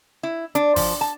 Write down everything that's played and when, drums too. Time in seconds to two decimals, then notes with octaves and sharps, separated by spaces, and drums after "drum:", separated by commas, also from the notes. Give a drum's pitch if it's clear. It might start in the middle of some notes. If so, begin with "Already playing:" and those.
0.23 E4
0.55 D4, drum: hi-hat
0.76 F3, drum: kick G#1, open hi-hat
1.01 A5